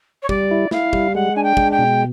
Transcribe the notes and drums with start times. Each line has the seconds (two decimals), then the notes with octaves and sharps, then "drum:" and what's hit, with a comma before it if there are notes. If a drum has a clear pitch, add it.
0.22 C#5
0.29 G3 D5, drum: kick
0.51 E4
0.71 E4 F5, drum: snare
0.93 G3, drum: kick
1.15 G#3 F#5
1.36 D4 G#5
1.43 G5
1.57 G#3, drum: kick
1.72 G5
1.78 B2